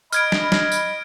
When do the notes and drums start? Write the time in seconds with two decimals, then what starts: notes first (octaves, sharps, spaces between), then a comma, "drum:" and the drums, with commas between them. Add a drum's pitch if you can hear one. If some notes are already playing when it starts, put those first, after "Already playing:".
0.12 D#5 B5 F6 G#6 D7, drum: tambourine
0.32 drum: snare
0.52 drum: snare
0.72 drum: tambourine